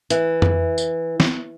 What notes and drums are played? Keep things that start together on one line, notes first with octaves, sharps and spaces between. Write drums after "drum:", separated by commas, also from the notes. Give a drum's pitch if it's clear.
E3, drum: hi-hat
drum: tom F2
drum: tambourine
drum: snare